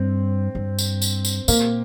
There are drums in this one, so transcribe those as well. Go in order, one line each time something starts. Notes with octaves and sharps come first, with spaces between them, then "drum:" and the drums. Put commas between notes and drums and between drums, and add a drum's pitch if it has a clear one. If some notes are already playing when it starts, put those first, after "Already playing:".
Already playing: G2 C4
G2
drum: tambourine
drum: tambourine
drum: tambourine
A#2 A#3, drum: tambourine